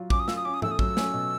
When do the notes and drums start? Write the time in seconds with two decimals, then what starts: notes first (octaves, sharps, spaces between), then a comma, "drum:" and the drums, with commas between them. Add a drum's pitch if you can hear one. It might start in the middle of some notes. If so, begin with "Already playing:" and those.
Already playing: F#3 F4
0.10 C#4 D6, drum: kick
0.19 D#6
0.28 F4 E6, drum: snare
0.36 D#6
0.45 C#4 D6
0.54 D#6
0.62 A3 E6, drum: tom G#2
0.71 D#6
0.79 F#3 E6, drum: kick
0.97 C#4, drum: snare
1.14 B2